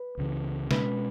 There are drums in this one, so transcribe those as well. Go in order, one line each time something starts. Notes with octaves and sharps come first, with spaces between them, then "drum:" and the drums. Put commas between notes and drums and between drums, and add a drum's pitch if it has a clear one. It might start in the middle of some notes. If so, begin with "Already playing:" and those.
Already playing: B4
C#2 C#3 E3
B2 G#3 C#4 B4, drum: snare